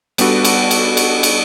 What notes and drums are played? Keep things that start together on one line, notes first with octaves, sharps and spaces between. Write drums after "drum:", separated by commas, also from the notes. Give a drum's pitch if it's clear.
G3 B3 D4 F#4 A4, drum: cymbal
drum: cymbal
drum: cymbal
drum: cymbal
drum: cymbal